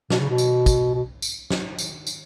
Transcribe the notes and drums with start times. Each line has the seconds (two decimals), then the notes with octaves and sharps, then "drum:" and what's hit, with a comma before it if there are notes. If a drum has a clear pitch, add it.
0.10 B2, drum: snare
0.20 C#3
0.29 B2
0.38 drum: tambourine
0.66 drum: kick, tambourine
0.94 B2
1.22 drum: tambourine
1.50 drum: snare
1.79 drum: tambourine
2.07 drum: tambourine